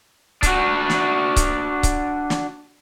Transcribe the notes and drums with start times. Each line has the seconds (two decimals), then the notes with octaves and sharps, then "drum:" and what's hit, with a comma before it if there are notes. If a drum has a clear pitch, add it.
0.43 D4 F#4, drum: kick C#1, hi-hat
0.90 drum: snare
1.36 drum: kick C#1, hi-hat
1.83 drum: kick C#1, hi-hat
2.30 drum: snare